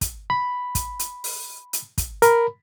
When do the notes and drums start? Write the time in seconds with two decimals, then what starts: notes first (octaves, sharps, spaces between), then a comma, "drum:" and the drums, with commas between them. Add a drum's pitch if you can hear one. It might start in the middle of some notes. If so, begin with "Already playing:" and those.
0.01 drum: kick, hi-hat
0.30 B5
0.75 drum: kick, hi-hat
0.99 drum: hi-hat
1.24 drum: open hi-hat
1.73 drum: hi-hat
1.98 drum: kick, hi-hat
2.22 A#4 B5, drum: hi-hat